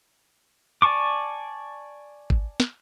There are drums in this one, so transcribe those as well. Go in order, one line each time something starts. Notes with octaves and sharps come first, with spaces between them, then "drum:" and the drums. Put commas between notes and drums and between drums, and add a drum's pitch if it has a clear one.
D5 G#5 A5 C#6 D6
drum: kick
drum: snare